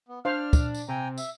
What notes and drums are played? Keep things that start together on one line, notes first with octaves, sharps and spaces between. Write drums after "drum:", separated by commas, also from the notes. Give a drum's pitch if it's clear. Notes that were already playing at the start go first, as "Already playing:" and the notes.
B3
D4 C5 F5 F6
drum: kick, tambourine
drum: tambourine
C3 G5 G#5 A#5
E5, drum: tambourine